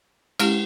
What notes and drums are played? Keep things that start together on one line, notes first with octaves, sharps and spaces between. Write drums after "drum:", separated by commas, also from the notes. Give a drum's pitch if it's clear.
G#3 C#4 E4 G4, drum: cymbal